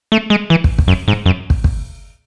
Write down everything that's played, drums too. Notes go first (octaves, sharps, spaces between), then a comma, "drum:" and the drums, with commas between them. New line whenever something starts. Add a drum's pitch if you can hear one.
A3
G#3
E3
drum: kick
drum: kick
F#2
G#2
F#2
drum: kick
drum: kick